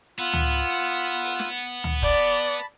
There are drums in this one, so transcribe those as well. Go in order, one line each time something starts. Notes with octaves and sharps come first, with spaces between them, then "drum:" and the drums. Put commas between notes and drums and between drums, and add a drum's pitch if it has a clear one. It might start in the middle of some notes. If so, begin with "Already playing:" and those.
B3 F4 F#5 E6
drum: tom C#2
drum: open hi-hat
drum: snare
drum: tom C#2
D5 A5 B5, drum: kick